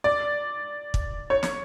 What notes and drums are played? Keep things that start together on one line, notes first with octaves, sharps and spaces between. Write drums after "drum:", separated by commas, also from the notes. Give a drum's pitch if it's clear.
D5
drum: kick
C#5
drum: snare